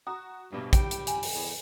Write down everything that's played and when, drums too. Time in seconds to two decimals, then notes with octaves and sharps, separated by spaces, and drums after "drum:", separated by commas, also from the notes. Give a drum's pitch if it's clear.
0.07 F#4 A#5 D#6
0.52 A#1 G2 B2
0.73 G3 G5, drum: kick, hi-hat
0.91 drum: hi-hat
1.07 G#5, drum: hi-hat
1.23 drum: open hi-hat
1.34 E2